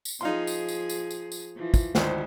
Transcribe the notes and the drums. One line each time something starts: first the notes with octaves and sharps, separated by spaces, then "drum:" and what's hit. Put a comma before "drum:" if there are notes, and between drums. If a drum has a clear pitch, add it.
drum: tambourine
F3 D#4 G#4 F5 C6
drum: tambourine
drum: tambourine
drum: tambourine
drum: tambourine
drum: tambourine
E3 F3
drum: kick, tambourine
G#1 D2 C5, drum: snare